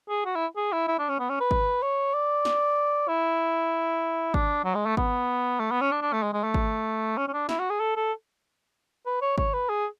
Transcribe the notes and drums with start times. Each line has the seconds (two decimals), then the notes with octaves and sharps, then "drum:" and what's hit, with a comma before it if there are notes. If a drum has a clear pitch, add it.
0.09 G#4
0.25 F#4
0.35 E4
0.56 G#4
0.72 E4
0.88 E4
0.99 D4
1.09 C#4
1.19 B3
1.30 C#4
1.40 B4
1.51 drum: kick G#1
1.82 C#5
2.14 D5
2.45 drum: snare
3.08 E4
4.34 D4, drum: kick G#1
4.64 F#3
4.75 G#3
4.86 A3
4.97 B3, drum: kick G#1
5.60 A3
5.71 B3
5.81 C#4
5.92 D4
6.02 D4
6.12 A3
6.23 G#3
6.33 G#3
6.44 A3
6.54 drum: kick G#1
7.17 C#4
7.28 C#4
7.33 D4
7.49 E4, drum: snare
7.59 F#4
7.70 G#4
7.80 A4
7.96 A4
9.06 B4
9.22 C#5
9.38 C#5, drum: kick G#1
9.54 B4
9.69 G#4